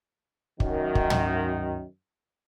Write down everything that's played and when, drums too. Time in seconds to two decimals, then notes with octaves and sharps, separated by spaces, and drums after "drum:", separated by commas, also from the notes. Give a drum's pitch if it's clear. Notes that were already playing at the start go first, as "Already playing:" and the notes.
0.60 F#2 D#3, drum: kick
0.95 drum: kick
1.10 drum: tom